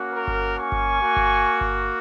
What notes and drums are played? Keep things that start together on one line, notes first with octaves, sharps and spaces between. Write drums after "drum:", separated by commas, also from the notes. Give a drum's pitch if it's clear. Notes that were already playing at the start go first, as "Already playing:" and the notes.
Already playing: A#3 C#4 F#4
A#4
drum: kick G1
G#5 C#6
drum: kick G1
A#3 F#4
drum: kick G1
drum: kick G1